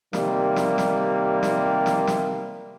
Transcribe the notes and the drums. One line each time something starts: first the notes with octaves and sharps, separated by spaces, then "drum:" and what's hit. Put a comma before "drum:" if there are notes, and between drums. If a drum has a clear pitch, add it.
C3 D#3 G3 A#3, drum: snare
drum: snare
drum: snare
drum: snare
drum: snare
drum: snare